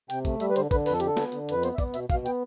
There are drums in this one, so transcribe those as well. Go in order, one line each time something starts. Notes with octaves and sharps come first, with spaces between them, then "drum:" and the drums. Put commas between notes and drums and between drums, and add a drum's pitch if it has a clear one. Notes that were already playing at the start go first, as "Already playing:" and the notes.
C3 G5, drum: hi-hat
A3, drum: kick, hi-hat
G3 E5, drum: hi-hat
B4
D3 C5, drum: hi-hat
D3 B4, drum: kick, hi-hat
F2 B4, drum: open hi-hat
A4
D3 G4, drum: hi-hat
A4
B3, drum: snare
D3, drum: hi-hat
F2 B4, drum: hi-hat
B3 C5, drum: hi-hat
E5
B3 D5, drum: kick, hi-hat
B2 E5, drum: hi-hat
B2 F5, drum: kick, hi-hat
B3 G5, drum: hi-hat